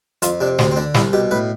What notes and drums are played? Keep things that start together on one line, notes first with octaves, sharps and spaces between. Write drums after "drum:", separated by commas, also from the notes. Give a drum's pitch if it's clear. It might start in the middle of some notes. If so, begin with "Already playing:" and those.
F2 F4, drum: hi-hat
C3 D4
D2 C4, drum: snare
C4
D3 D4
C2 E4, drum: snare
B2 G4
A2 B4